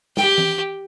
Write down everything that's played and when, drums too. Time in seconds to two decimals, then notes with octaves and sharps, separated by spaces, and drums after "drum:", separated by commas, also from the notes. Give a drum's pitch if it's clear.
0.17 G4 G5, drum: snare
0.38 drum: tom E3